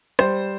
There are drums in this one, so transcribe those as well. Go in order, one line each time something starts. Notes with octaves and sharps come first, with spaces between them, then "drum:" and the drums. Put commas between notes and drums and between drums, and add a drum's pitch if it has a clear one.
G3 C5, drum: rim click